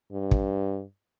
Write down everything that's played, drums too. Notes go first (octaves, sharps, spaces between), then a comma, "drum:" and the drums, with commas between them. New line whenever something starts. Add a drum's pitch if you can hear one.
G2
drum: kick